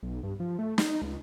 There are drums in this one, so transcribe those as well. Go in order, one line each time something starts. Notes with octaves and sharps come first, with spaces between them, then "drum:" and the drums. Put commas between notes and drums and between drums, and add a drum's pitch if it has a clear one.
B1
G2
F3
A3
D#4, drum: snare
C#2